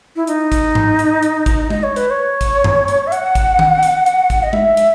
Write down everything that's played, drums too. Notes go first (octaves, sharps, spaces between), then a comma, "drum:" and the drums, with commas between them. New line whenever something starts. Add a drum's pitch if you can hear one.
E4
D#4, drum: hi-hat
drum: kick G#1, hi-hat
drum: tom G#2
drum: hi-hat
drum: hi-hat
drum: kick G#1, hi-hat
D#5, drum: tom
C#5
B4, drum: hi-hat
C#5
drum: kick G#1, hi-hat
drum: tom F#2
drum: hi-hat
E5
F#5, drum: hi-hat
drum: kick G#1, hi-hat
drum: tom D#3
drum: hi-hat
drum: hi-hat
drum: kick G#1, hi-hat
D#5
E5, drum: tom
drum: hi-hat